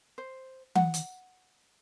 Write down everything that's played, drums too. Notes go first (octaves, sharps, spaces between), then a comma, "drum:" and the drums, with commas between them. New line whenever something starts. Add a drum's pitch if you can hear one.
C5
F#5, drum: tom E3
drum: hi-hat